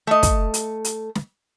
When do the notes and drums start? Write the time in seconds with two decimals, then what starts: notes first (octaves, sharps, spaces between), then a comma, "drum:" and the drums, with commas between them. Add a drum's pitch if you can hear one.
0.07 A3 D#5
0.23 drum: kick, hi-hat
0.54 drum: hi-hat
0.85 drum: hi-hat
1.15 drum: snare